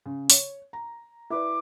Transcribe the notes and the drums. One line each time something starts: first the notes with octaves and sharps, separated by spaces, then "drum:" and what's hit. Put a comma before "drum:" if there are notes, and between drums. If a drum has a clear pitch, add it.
C#3
C#5, drum: open hi-hat
A#5
E4 B4 D5 D6